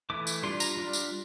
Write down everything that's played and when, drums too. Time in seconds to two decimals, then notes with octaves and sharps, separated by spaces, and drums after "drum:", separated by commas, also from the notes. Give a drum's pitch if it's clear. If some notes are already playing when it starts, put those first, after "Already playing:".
0.10 E3 A3 E4 D6
0.27 drum: tambourine
0.43 G3 D4 F4 C6
0.60 A#5, drum: tambourine
0.77 G3 D4 F4
0.93 drum: tambourine